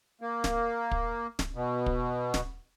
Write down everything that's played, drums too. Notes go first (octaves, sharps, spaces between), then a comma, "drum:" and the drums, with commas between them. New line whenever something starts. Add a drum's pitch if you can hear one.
A#3
drum: snare
drum: kick
drum: snare
B2
drum: kick
drum: snare